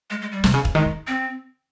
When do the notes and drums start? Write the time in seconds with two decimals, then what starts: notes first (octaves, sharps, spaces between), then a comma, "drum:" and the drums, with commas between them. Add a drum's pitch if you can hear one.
0.10 G#3
0.21 G#3
0.32 G3
0.44 C3, drum: snare
0.54 C#3
0.65 C#3, drum: kick
0.75 D#3 G#3
0.86 D#3
1.07 C4